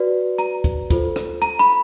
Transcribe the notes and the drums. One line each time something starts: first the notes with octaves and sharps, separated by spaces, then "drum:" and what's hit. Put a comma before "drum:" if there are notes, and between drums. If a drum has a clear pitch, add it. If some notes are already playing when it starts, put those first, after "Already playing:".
Already playing: F#4 B4 D5
A#5, drum: hi-hat
drum: kick, hi-hat
F4 A4 C5, drum: kick, hi-hat
drum: rim click
A#5, drum: hi-hat
B5